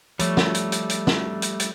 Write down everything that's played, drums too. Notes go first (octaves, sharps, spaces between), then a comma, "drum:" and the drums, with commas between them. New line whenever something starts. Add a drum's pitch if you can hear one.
F3 G3 A3 C#5, drum: hi-hat
drum: snare
drum: hi-hat
drum: hi-hat
drum: hi-hat
drum: snare
drum: hi-hat
drum: hi-hat